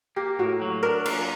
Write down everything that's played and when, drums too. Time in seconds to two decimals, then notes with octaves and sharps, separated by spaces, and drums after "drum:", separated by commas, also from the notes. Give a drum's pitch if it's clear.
0.16 A#3 G4
0.39 A2 F#4
0.62 F#3
0.83 D4 A#4
1.05 A#3, drum: cymbal